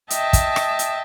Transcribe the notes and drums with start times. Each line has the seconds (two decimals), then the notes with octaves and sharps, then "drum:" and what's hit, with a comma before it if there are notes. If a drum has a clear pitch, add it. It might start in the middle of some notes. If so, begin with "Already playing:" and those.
0.10 D#5 E5 G5 A5, drum: hi-hat
0.33 drum: kick, hi-hat
0.56 drum: rim click
0.79 drum: hi-hat